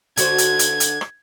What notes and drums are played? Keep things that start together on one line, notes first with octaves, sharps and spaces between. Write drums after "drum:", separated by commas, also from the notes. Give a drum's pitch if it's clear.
D3 F#4 C5 G#6, drum: hi-hat
drum: hi-hat
drum: hi-hat
drum: hi-hat
drum: rim click